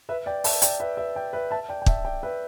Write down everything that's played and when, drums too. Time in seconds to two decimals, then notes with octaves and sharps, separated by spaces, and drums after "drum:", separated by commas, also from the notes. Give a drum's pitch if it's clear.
0.09 B4 E5
0.26 D5 G5
0.44 E5 A5, drum: open hi-hat
0.62 D5 G5, drum: hi-hat
0.80 B4 E5
0.97 B4 E5
1.15 D5 G5
1.33 B4 E5
1.51 E5 A5
1.69 D5 G5
1.82 G5
1.86 E5 A5, drum: kick
2.05 D5 G5
2.23 B4 E5